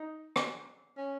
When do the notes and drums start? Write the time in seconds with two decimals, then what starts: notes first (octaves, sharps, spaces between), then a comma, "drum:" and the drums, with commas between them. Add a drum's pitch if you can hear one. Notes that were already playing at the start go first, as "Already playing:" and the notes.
Already playing: D#4
0.36 drum: rim click
0.98 C#4